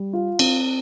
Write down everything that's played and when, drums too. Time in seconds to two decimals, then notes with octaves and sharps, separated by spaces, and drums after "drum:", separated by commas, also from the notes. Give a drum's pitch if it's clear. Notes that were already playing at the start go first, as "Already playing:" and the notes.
Already playing: G3
0.13 F4
0.39 C4, drum: cymbal